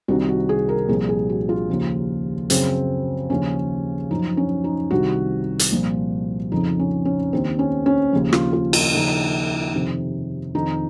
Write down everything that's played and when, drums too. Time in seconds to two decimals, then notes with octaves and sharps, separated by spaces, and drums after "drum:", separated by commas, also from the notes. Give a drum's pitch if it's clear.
0.08 C2 C3 D#3 F#4
0.29 F#4
0.49 G#4
0.69 A#4
0.88 C2 A#2 F3 G#4
1.09 G#4
1.29 F#4
1.49 F4
1.70 D#2 C#3 F3
2.50 F#2 C#3 F3 C4, drum: hi-hat
3.30 D#2 C#3 F3 C#4
4.11 F#2 F3 D#4
4.37 C#4
4.64 D#4
4.91 C2 C3 D#3 F#4
5.59 drum: hi-hat
5.72 C2 A#2 F3
6.52 F2 C#3 F3 D#4
6.79 C#4
7.05 C#4
7.33 D#2 D#3 C4
7.59 C#4
7.86 C#4
8.13 D#2 C#3 F3
8.33 F4, drum: rim click
8.53 F4
8.73 F4, drum: cymbal
8.94 D#2 C#3 F3 D#4
9.74 F2 C3 D#3
10.55 F2 D#3 D#4